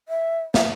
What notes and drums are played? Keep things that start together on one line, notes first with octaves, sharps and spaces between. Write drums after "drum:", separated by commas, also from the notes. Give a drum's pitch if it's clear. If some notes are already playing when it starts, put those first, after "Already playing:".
E5
E5, drum: snare